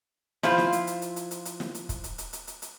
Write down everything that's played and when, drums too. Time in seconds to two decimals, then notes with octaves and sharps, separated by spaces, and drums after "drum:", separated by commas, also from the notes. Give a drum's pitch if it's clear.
0.43 F3 E4 F4 C5, drum: snare
0.58 drum: snare
0.72 drum: hi-hat
0.87 drum: hi-hat
1.02 drum: hi-hat
1.16 drum: hi-hat
1.31 drum: hi-hat
1.45 drum: hi-hat
1.60 drum: snare
1.74 drum: hi-hat
1.89 drum: kick, hi-hat
2.04 drum: hi-hat
2.18 drum: hi-hat
2.33 drum: hi-hat
2.47 drum: hi-hat
2.62 drum: hi-hat